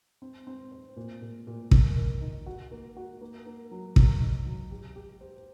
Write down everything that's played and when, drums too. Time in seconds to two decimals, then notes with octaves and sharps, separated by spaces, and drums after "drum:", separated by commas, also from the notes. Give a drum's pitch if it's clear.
0.22 C4
0.47 C4
0.72 C5
0.96 A#2
1.22 A#2
1.47 A#2
1.71 D#3, drum: kick
1.96 D#3
2.21 D#4
2.46 F#4
2.71 A#3
2.97 F#4
3.21 A#3
3.46 A#3
3.71 F#3
3.96 F#3, drum: kick
4.21 D#4
4.46 F#3
4.71 G4
4.96 G4
5.21 C5